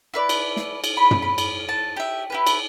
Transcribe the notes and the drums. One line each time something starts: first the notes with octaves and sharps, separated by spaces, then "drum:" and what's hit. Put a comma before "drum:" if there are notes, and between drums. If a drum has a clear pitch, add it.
E4 B4 D5
drum: cymbal
drum: snare
drum: cymbal
B5
drum: tom
B5
drum: cymbal
A5
G4 E5
E4 G4 B4
drum: cymbal